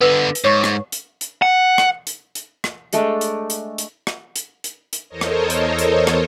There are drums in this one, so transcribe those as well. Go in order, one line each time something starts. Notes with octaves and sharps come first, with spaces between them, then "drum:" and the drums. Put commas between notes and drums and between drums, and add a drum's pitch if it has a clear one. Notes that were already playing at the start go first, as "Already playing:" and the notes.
D3 B3 B4 E6
drum: hi-hat
G#2 C#5 C#6
drum: rim click
drum: hi-hat
drum: hi-hat
F#5
drum: rim click
drum: hi-hat
drum: hi-hat
drum: rim click
G#3 A3 D4 A4, drum: hi-hat
drum: hi-hat
drum: hi-hat
drum: hi-hat
drum: rim click
drum: hi-hat
drum: hi-hat
drum: hi-hat
E2 A4 A#4 C5 C#5 D#5
drum: rim click
drum: hi-hat
drum: hi-hat
drum: rim click